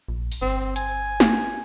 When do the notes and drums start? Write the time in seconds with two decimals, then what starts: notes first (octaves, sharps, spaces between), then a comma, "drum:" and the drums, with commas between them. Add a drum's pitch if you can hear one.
0.09 A#1
0.32 drum: open hi-hat
0.42 G1 C4
0.76 G#5, drum: hi-hat
1.20 drum: snare